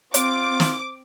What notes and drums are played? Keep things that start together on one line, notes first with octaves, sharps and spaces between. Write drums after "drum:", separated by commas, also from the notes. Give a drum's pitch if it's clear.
C4 F4 D6, drum: hi-hat
drum: snare